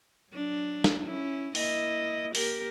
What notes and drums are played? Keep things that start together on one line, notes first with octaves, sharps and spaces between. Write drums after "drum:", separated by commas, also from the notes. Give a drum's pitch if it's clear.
F#3 D4
drum: snare
C#4 E4
A#3 E4 D#5, drum: open hi-hat
A#3 G4 A#4, drum: open hi-hat